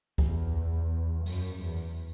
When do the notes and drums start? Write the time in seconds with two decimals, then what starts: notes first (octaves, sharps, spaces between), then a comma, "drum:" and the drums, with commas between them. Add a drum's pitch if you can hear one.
0.18 E2, drum: kick C#2
1.26 F#2, drum: open hi-hat
1.61 E2